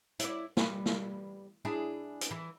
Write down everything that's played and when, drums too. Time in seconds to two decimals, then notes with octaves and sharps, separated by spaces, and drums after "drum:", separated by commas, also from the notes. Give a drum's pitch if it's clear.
0.20 E4 D5, drum: hi-hat
0.57 G3 B4, drum: snare
0.86 drum: snare
1.65 D4 E4 G#4
2.21 drum: hi-hat
2.31 E3